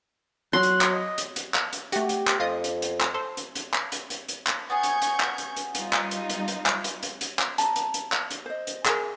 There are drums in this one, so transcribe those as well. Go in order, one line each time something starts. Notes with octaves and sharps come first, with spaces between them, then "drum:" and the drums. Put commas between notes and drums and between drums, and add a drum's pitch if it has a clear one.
F#3 C6 F#6
drum: hi-hat
drum: clap
D#5
drum: hi-hat
drum: hi-hat
drum: clap
drum: hi-hat
A3 F#4 G4, drum: hi-hat
drum: hi-hat
drum: clap
F2 F4 D#5 D#6
drum: hi-hat
drum: hi-hat
drum: clap
A4 C5
drum: hi-hat
drum: hi-hat
drum: clap
drum: hi-hat
drum: hi-hat
drum: hi-hat
drum: clap
B3 C#4 G#4 C#6 G6 G#6
drum: hi-hat
drum: hi-hat
drum: clap
drum: hi-hat
drum: hi-hat
G3 D#4 F4, drum: hi-hat
drum: clap
drum: hi-hat
drum: hi-hat
drum: hi-hat
drum: clap
drum: hi-hat
drum: hi-hat
drum: hi-hat
drum: clap
A5 A#5, drum: hi-hat
drum: hi-hat
drum: hi-hat
drum: clap
drum: hi-hat
C5 D#5
drum: hi-hat
G#4 A#4, drum: clap